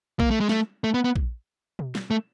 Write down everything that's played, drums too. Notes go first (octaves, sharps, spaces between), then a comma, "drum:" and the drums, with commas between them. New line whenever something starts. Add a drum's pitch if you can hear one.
A#3, drum: kick A#1
A3
G#3
A3, drum: snare
A3
B3
B3
drum: kick A#1
drum: tom B2
drum: snare
A3